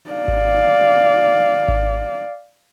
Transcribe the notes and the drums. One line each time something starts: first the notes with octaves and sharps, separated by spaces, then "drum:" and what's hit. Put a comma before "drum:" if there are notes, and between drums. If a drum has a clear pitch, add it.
D5 F5
drum: kick G#1
drum: kick G#1